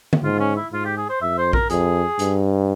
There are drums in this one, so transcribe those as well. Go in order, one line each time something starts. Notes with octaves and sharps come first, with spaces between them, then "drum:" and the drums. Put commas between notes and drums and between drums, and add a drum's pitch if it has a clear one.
drum: tom D3
G#2 F4
C#4
E4
G#2 F4
G4
G#4
C5
F2 E5
C5
A#4, drum: kick A#1
F2 G#4, drum: hi-hat
G2, drum: hi-hat